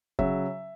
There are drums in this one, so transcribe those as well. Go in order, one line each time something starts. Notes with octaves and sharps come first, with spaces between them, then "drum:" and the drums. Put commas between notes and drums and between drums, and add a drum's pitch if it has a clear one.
C#3 F#3 E5, drum: kick F#1